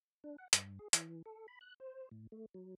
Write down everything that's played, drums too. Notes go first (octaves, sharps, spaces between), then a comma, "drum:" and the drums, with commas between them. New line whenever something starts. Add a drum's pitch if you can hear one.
D4
F#5
G2, drum: hi-hat
G#4
E3, drum: hi-hat
A4
B5
F#6
C5
A2
A3
F#3